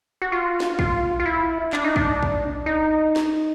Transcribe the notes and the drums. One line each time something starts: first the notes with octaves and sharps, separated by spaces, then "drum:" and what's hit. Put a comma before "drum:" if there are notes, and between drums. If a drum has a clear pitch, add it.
F#4
F4
drum: snare
F4, drum: kick
F4
E4
D4, drum: clap
D#4
D4, drum: kick
drum: kick
D#4
drum: snare